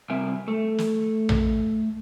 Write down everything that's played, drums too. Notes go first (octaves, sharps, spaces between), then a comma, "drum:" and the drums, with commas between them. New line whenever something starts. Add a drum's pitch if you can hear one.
C3 G3 C4 A#4 E5 G#5
A3 A4
drum: snare
drum: tom A#1